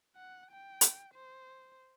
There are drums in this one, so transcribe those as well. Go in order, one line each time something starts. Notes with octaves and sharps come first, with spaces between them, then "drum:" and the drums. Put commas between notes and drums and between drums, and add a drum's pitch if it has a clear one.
F#5
G5
drum: hi-hat
C5